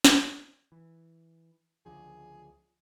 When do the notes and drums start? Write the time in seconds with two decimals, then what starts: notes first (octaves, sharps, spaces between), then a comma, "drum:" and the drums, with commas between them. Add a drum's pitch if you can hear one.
0.05 drum: snare
0.72 E3
1.86 C#2 D3 F3 G#4